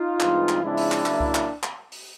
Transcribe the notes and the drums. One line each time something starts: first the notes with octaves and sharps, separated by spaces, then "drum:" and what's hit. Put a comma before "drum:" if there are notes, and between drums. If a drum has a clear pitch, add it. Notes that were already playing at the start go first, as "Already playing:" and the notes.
Already playing: D#4 F4
G2 E3 G#3 C4, drum: clap
drum: clap
C#3 F3 G#3 C4 D4 E4
drum: open hi-hat
drum: clap
C#3 F#3 A#3, drum: clap
drum: kick C2
drum: clap
drum: clap
drum: open hi-hat